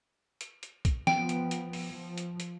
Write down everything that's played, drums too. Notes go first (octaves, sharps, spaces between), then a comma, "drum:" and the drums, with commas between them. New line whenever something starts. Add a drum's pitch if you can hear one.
drum: hi-hat
drum: hi-hat
drum: kick A#1, hi-hat
F3 B3 G5 D7, drum: snare
drum: hi-hat
drum: hi-hat
drum: open hi-hat
F3
drum: hi-hat
drum: hi-hat